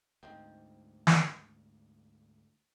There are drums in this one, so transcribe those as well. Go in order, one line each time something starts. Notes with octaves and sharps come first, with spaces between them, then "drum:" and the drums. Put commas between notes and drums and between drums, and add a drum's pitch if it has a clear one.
D2 G#2 D#3 F3 C4
drum: snare